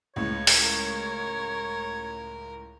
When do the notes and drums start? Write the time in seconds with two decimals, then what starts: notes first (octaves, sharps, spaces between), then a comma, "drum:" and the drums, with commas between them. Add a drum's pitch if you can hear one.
0.16 C#2 A2 C#5
0.47 drum: open hi-hat
0.60 A#4